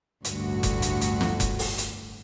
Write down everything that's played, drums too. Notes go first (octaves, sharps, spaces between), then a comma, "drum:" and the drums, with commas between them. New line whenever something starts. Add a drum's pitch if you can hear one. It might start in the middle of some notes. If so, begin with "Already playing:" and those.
A1 D2 G2 F#4, drum: hi-hat
drum: kick F1, hi-hat
drum: hi-hat
drum: hi-hat
drum: snare
drum: kick F1, hi-hat
drum: open hi-hat
drum: hi-hat